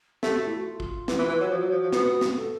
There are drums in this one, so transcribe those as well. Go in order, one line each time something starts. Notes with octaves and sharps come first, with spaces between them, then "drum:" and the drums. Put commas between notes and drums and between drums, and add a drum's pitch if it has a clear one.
A3 G4, drum: snare
F#4
E4
F#4
F4
drum: kick
E3, drum: snare
E3
E3
F#3
F3 F#4
F#3
F3
F3
B3, drum: snare
drum: snare
A4